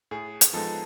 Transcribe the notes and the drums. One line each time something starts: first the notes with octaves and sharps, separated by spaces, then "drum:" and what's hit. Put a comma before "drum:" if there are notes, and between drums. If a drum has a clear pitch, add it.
A2 G#4
drum: hi-hat
F3 G#3 B3 D#4 A4